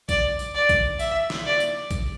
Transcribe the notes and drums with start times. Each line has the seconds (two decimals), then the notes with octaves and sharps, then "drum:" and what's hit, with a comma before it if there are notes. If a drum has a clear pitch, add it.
0.09 D5, drum: kick A1, tambourine
0.39 drum: tambourine
0.55 D5
0.69 drum: kick A1, tambourine
0.99 E5, drum: tambourine
1.30 drum: snare
1.46 D5
1.60 drum: tambourine
1.91 drum: kick A1, tambourine